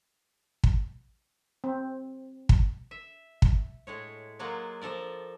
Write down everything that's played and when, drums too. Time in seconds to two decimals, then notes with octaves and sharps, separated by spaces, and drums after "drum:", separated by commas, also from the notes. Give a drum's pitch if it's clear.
0.64 drum: kick
1.64 C4
2.49 drum: kick
2.91 E5
3.42 drum: kick
3.87 A2 G#3 C#5
4.39 F#3 G#3 A#3 F4 F#4
4.81 F3 A4 A#4 D5